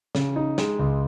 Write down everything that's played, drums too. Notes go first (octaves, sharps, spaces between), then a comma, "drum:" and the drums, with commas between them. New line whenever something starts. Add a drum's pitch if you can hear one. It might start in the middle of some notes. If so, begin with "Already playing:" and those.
C#3, drum: snare
D#4
G#3, drum: snare
C#2